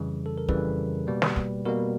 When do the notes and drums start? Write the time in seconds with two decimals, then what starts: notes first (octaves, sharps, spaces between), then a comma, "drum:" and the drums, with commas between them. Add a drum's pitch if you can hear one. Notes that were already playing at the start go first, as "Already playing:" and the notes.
Already playing: F2 C#3 E3 G3
0.26 A4
0.38 A#4
0.49 F2 C#3 E3 G3 B4, drum: kick
1.07 B2 G3 A#3
1.22 drum: snare
1.36 drum: kick
1.65 B2 G3 A#3 A#4